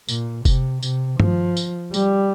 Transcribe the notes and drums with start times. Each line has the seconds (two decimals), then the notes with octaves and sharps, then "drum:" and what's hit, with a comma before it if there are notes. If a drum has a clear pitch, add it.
0.09 A#2, drum: tambourine
0.45 C3, drum: kick F1, tambourine
0.83 C3, drum: tambourine
1.20 F3, drum: tom G2
1.57 drum: tambourine
1.94 G3, drum: tambourine